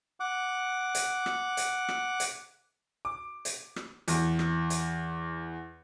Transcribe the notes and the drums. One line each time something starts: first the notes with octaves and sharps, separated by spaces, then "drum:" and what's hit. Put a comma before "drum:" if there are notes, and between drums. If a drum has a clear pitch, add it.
F#5 D6
drum: hi-hat
drum: rim click
drum: hi-hat
drum: rim click
drum: hi-hat
D6
drum: hi-hat
drum: rim click
E2, drum: hi-hat
drum: rim click
drum: hi-hat